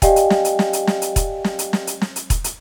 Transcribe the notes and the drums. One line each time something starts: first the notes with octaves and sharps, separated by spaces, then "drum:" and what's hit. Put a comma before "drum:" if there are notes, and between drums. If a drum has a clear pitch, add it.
G4 D5 D#5 F5 G5 G#5, drum: kick E1, hi-hat
drum: hi-hat
drum: snare
drum: hi-hat
drum: snare
drum: hi-hat
drum: snare
drum: hi-hat
drum: kick E1, hi-hat
drum: snare
drum: hi-hat
drum: snare
drum: hi-hat
drum: snare
drum: hi-hat
drum: kick E1, hi-hat
drum: hi-hat